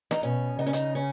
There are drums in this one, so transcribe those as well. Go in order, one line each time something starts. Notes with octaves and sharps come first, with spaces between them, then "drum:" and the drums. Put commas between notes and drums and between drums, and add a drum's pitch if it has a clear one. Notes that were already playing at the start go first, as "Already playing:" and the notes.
D#4, drum: snare
B2 C#4
C#3 D#4
C#4
D#4, drum: hi-hat
C#4